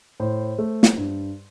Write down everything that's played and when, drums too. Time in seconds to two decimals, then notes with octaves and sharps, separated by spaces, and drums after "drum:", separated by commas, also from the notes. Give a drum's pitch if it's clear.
0.20 A2 C5
0.58 A3
0.83 drum: snare
0.97 G2